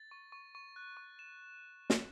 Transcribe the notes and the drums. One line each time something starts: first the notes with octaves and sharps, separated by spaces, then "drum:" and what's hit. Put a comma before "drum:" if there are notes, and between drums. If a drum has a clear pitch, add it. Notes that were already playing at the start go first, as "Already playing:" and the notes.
Already playing: A6
C#6
C#6
C#6
F#6
C#6
E7
drum: snare